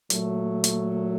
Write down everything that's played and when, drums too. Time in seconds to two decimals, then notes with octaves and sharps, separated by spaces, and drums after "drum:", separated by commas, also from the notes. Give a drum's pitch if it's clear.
0.10 A#2 F#3 A3, drum: hi-hat
0.64 drum: hi-hat